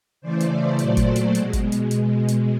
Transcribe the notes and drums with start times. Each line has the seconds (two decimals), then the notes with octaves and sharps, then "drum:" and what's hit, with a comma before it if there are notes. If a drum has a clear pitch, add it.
0.21 C#3 E3 A3 C5 D5
0.40 drum: hi-hat
0.79 A#2 F#3 A3, drum: hi-hat
0.97 drum: kick G1, hi-hat
1.16 drum: hi-hat
1.35 B2 G#3, drum: hi-hat
1.53 drum: kick G1, hi-hat
1.72 drum: hi-hat
1.91 drum: hi-hat
2.28 drum: hi-hat